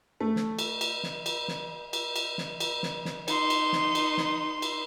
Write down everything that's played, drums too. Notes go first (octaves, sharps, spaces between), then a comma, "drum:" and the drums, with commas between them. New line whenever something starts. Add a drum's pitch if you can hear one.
A3
drum: snare
drum: cymbal
drum: cymbal
drum: snare
drum: cymbal
drum: snare
drum: cymbal
drum: cymbal
drum: snare
drum: cymbal
drum: snare
drum: snare
D#4 C6, drum: cymbal
drum: cymbal
drum: snare
drum: cymbal
drum: snare
drum: cymbal